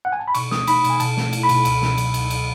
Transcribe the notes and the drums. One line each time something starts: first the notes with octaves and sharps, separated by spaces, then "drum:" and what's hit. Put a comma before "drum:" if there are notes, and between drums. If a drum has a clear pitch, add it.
F#5
G#5
A5
B5
B2 C#6, drum: cymbal
A3 D#6, drum: snare
D#4 B5, drum: cymbal
B2, drum: cymbal
G#5
B2 A5, drum: cymbal
A3, drum: snare
E4, drum: cymbal
B5
B2, drum: cymbal
C#2, drum: cymbal
B2, drum: snare
F#3, drum: cymbal
C#2, drum: cymbal
drum: cymbal